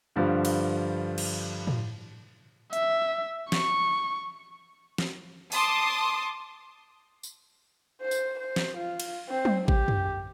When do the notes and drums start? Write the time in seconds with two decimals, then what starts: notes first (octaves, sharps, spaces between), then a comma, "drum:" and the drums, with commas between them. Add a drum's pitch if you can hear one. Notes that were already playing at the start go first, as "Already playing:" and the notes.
0.16 G2 D3 F3 G3
0.45 drum: cymbal
1.18 drum: cymbal
1.67 drum: tom A2
2.73 E5, drum: hi-hat
3.52 C#6, drum: snare
4.98 drum: snare
5.52 A5 C6 D6 D#6, drum: open hi-hat
7.23 drum: tambourine
8.01 C5
8.11 drum: tambourine
8.40 C5
8.56 drum: snare
8.77 F4
9.00 drum: cymbal
9.29 C4
9.45 drum: tom F#3
9.68 G4, drum: kick A1
9.88 drum: tom F#2